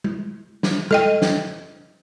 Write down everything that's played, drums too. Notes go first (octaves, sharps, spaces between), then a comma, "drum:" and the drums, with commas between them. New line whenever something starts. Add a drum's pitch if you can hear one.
drum: tom
drum: snare
A4 D#5 G5, drum: tom
drum: snare